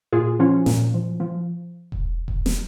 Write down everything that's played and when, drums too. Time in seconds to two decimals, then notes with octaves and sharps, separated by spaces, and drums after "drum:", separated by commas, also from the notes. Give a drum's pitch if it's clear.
0.13 A#2 F4 G#4
0.39 F3 C#4 F4
0.66 A#2, drum: snare
0.94 F3
1.20 F3
1.92 drum: kick E1
2.28 drum: kick E1
2.46 drum: snare